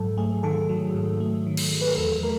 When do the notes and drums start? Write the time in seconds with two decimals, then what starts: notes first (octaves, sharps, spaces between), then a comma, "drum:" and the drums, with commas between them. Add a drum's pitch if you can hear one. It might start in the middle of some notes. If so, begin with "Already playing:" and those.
Already playing: G#2 F#3 A4
0.17 A3 G#4
0.43 D#3 A4
0.69 F#3
0.94 G#2
1.20 A3
1.47 D#3
1.57 drum: cymbal
1.72 F#3
1.81 B4
1.90 A#4
1.98 E2 A4
2.23 A3 A#4